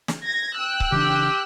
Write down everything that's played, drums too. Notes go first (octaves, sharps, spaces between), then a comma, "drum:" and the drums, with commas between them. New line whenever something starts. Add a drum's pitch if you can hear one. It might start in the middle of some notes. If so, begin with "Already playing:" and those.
drum: snare
G#6 A#6
G5 E6 F#6
drum: kick C#1
C#3 E3 D4 G4